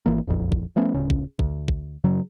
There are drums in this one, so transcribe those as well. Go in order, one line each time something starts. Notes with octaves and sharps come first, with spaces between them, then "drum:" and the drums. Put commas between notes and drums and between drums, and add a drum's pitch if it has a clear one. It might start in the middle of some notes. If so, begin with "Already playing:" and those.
G#1 E3 A#3
E1 A#1 F2
drum: kick
F3 A3 B3 C#4
D1 C#3 C#4
drum: kick
D2, drum: kick
drum: kick
F#2 C#3 F#3